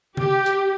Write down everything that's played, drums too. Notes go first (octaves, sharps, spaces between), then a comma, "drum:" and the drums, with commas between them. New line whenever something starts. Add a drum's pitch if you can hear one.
G4, drum: tom C3
drum: hi-hat